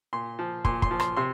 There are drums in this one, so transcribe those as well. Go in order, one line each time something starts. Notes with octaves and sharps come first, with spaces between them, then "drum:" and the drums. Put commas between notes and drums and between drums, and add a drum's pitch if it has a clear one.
A#2 C6
F3
A#2 C6, drum: kick
C6, drum: kick
F3
C6, drum: rim click
C3 C6